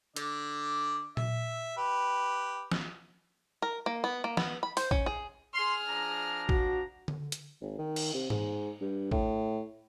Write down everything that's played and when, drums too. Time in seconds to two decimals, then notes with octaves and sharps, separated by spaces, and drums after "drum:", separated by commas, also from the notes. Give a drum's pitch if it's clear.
0.16 D3 D5, drum: hi-hat
1.17 E5, drum: tom A#2
1.77 G4 B4
2.72 drum: snare
3.62 A#4
3.86 A#3
4.04 B3
4.24 A#3
4.37 B3, drum: snare
4.63 B5
4.77 C5, drum: open hi-hat
4.91 C#4, drum: kick
5.06 G#4
5.54 G#4 C6 F6
5.88 F3 D4 A#5
6.49 F#4, drum: kick
7.08 drum: tom D3
7.32 drum: hi-hat
7.61 G#1
7.79 D#3
7.96 drum: cymbal
8.14 C3
8.30 G#2, drum: tom G#2
8.81 G2
9.11 A2, drum: kick